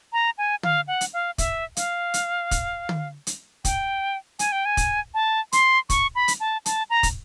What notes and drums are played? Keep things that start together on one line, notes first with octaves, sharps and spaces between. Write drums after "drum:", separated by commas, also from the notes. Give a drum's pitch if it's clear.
A#5
G#5
F5, drum: tom
F#5
drum: hi-hat
F5
E5, drum: kick, hi-hat
F5, drum: hi-hat
drum: hi-hat
drum: kick, hi-hat
drum: tom
drum: hi-hat
G5, drum: kick, hi-hat
G#5, drum: hi-hat
G5
G#5
drum: kick, hi-hat
A5
C6, drum: hi-hat
C#6, drum: kick, hi-hat
B5
drum: hi-hat
A5
A5, drum: hi-hat
A#5
drum: kick, hi-hat